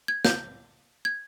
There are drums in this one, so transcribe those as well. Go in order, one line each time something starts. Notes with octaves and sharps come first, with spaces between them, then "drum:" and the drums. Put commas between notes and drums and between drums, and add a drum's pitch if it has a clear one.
G#6
G6, drum: snare
G#6